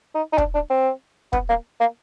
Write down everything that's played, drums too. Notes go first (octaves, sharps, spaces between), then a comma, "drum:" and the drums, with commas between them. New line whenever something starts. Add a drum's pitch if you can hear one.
D#4
D#4
D4, drum: kick
D4
C4
B3, drum: kick
A#3
A#3